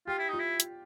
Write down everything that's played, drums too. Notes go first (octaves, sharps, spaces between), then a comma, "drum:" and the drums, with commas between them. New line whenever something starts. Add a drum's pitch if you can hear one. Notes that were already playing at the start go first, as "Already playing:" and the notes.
F4 G4
E4
D#4 F4
E4
drum: hi-hat